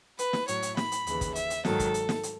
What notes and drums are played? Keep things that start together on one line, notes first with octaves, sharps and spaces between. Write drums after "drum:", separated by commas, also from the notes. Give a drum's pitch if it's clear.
B4, drum: hi-hat
drum: snare
A2 F#3 C#5, drum: hi-hat
drum: hi-hat
B5, drum: snare
drum: hi-hat
D#2 C#3 E3, drum: hi-hat
drum: kick, hi-hat
E5, drum: hi-hat
drum: hi-hat
G#2 D#3 F#3 A4, drum: snare
drum: kick, hi-hat
drum: hi-hat
drum: snare
drum: hi-hat